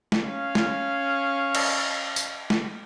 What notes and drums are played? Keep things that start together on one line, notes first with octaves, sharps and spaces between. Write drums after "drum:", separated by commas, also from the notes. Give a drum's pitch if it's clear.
drum: snare
C#4 F5
drum: snare
drum: cymbal
drum: tambourine
drum: snare